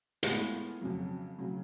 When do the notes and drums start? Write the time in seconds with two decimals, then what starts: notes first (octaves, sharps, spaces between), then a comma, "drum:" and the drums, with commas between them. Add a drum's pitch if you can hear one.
0.23 A2 G#3 B3 F4, drum: hi-hat
0.81 F2 C#3 F#3
1.39 C#3 F#3